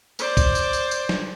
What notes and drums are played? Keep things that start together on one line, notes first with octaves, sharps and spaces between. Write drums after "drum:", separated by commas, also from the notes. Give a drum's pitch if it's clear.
C5 D5, drum: tambourine
drum: kick C2, tambourine
drum: tambourine
drum: tambourine
drum: tambourine
drum: snare